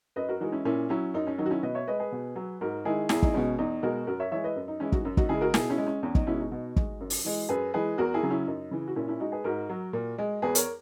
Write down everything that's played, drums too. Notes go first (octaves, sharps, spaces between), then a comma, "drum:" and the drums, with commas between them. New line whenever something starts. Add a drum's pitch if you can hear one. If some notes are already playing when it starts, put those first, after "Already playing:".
F#2 B4 D#5
F#4 A#4
E3 G#3 D#4 F#4
C#4 E4
A#2 C#4 E4
F#3 C#4 E4
F#2 D#4
C#4
D#3 F#3 D#4
F#4
C#4 E4
B2 B4 D#5
C#5 E5
G#3 B4 D#5
G#4 B4
B2
F#3
G#2 F#4 A#4
D#3 G#3 E4 G#4
E2 E4 G#4, drum: snare
D#4, drum: kick
B2 G#3 C#4
E2 D#4
B2 G#3 F#4 A#4
F#2 F#4 A#4
C#5 E5
E3 G#3 C#5 E5
B4 D#5
F#2
D#4
E3 G#3 C#4 E4
D#4 F#4, drum: kick
F#2
D#4 F#4, drum: kick
C#3 G#3 E4 G#4
F#4 A#4
B2 E4 G#4, drum: snare
C#4 E4
G#3
C#4
E2 C#4
D#4, drum: kick
B2 G#3 C#4 E4
D#4 F#4
B2
G#3, drum: kick
F#2
drum: open hi-hat
E3 G#3
F#2 G#4 B4
E3 G#3 G#4 B4
E2 F#4 A#4
E4 G#4
C#3 F#3
C#4 E4
F#2 D#4
C#3 E3
F#4
A#2 C#4 E4
C#4 E4
G#3 D#4 F#4
G#4 B4
G#2 F#4 A#4
F#3
A#2
G#3
E2 G#4 B4
A#4 C#5, drum: hi-hat